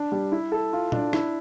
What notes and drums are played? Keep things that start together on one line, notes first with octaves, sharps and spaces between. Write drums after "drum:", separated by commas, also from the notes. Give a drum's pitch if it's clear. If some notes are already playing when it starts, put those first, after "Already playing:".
Already playing: D4
G3
E4
A4
F4
D4, drum: tom A#2
E4, drum: rim click